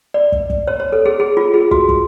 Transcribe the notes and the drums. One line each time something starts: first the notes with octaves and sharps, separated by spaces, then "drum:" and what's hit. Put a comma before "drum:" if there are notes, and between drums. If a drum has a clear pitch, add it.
D5
drum: kick
drum: kick
C#5
C#5
A4
G#4
G#4
F4
G#4
F#4, drum: kick
drum: kick